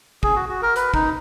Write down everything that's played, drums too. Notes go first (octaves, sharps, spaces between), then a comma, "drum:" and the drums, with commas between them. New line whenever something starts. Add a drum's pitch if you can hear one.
G#4, drum: kick
F#4
F#4
A#4
B4, drum: hi-hat
D#4, drum: kick